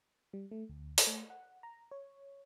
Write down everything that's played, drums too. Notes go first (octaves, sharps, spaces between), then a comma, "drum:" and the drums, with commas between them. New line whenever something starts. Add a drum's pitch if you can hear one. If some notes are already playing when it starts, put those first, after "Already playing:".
G3
A3
D2
drum: open hi-hat
A3
F#5
A#5
C#5